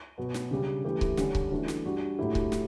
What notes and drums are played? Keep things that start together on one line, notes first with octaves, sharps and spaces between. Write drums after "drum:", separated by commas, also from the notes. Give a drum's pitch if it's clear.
B2 F#3 B3 F#4
drum: snare
C#3 G3 D4 G4
E3 A3 E4 G4
drum: kick C#1
D3 G3 C#4, drum: snare
drum: kick C#1
E3 A3 D4 F#4
drum: snare
G3 D4 F#4
A2 F#3 A3 E4 G4
drum: kick C#1
drum: snare